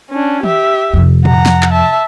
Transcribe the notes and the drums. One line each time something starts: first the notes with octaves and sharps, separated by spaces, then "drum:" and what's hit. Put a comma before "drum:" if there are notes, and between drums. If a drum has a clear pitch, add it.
C#4 D4
G4 E5, drum: tom
F2 C3
F#5 A#5, drum: tom A2
drum: snare
drum: clap
E5 A5